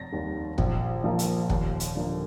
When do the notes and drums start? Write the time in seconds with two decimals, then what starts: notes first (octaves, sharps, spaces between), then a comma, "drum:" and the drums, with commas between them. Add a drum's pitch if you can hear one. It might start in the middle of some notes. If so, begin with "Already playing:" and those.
Already playing: F1 A6 A#6
0.12 D#2 D#3 G3
0.58 A#1, drum: kick
1.04 A#2 F3 A#3
1.19 drum: hi-hat
1.50 D#2, drum: kick
1.80 drum: hi-hat
1.95 D3 F3 A#3